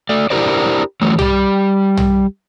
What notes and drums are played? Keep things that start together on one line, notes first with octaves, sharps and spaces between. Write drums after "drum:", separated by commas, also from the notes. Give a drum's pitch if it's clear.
A3 D5
D4 E4 G4 A#4 C5 D5
E3 F#3 A3
G3 G4, drum: tom
drum: tom